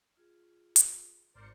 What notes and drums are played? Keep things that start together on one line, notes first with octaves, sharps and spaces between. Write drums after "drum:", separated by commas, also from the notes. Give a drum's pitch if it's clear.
F4 G#4
drum: hi-hat
G#1 A#4 C5 D5 C#7